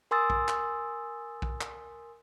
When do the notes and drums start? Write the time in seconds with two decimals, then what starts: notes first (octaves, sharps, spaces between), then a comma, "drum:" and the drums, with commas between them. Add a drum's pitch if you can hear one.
0.11 A#4 G#5 C6 D#6 E6 A6
0.30 drum: kick A#1
0.48 drum: clap
1.42 drum: kick A#1
1.61 drum: clap